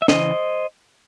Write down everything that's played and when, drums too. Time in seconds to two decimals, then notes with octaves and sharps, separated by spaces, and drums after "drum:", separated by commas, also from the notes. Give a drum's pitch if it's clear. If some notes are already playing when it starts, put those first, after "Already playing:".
0.02 E5
0.08 C#3 E3 C5 D#5, drum: snare